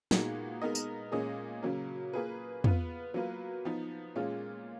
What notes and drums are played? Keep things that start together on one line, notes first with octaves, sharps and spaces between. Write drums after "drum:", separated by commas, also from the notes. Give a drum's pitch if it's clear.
A#2 G#3 B3 D#4 F#4, drum: snare
G#3 B3 D#4 A#4 D#5
drum: tambourine
A#2 G#3 C#4 G#4 D#5
C#3 F#3 A#3
A#3 F4 G#4 B4
B3 F4 B4, drum: tom
F#3 A#3 F4 B4
F3 B3 D#4
A#2 G#3 C#4 F4